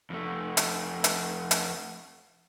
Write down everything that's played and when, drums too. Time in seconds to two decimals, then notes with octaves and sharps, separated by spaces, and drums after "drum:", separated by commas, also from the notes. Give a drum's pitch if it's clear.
0.10 F2 A3
0.57 drum: hi-hat
1.04 drum: hi-hat
1.51 drum: hi-hat